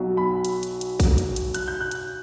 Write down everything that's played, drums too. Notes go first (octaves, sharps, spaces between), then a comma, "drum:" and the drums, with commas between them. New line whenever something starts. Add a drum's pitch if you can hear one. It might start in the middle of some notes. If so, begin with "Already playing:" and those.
Already playing: B1 B2 F#3
B5
drum: hi-hat
drum: hi-hat
drum: hi-hat
drum: kick A#1, open hi-hat
drum: hi-hat
drum: hi-hat
F#6, drum: hi-hat
G6
F#6
drum: hi-hat